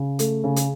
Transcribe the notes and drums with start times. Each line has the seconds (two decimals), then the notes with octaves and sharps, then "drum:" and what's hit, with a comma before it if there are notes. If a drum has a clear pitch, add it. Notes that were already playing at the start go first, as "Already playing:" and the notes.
Already playing: C#3
0.19 A3 A4, drum: hi-hat
0.44 C#3
0.56 G#4, drum: hi-hat